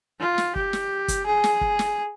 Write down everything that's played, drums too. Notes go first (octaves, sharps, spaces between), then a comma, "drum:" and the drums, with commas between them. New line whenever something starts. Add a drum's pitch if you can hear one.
F4
drum: snare
G4, drum: kick
drum: snare
drum: kick, hi-hat
G#4
drum: snare
drum: kick
drum: snare